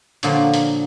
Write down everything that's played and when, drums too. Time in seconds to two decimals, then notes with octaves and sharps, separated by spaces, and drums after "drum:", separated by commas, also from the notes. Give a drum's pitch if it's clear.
0.23 A#2 D3 F3 F#3 A#3 F4, drum: hi-hat
0.54 drum: hi-hat